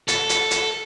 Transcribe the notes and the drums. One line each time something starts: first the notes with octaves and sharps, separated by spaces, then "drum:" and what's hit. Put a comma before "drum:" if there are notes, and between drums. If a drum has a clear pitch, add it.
A4, drum: hi-hat
drum: hi-hat
drum: hi-hat